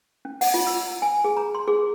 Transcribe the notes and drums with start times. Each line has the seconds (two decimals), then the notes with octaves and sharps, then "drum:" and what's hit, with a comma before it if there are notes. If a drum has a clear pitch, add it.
0.25 C#4
0.41 F#5, drum: open hi-hat
0.54 F4
0.67 E6
0.88 A#5
1.02 G#5
1.24 G#4
1.37 A#5
1.55 C6
1.68 G#4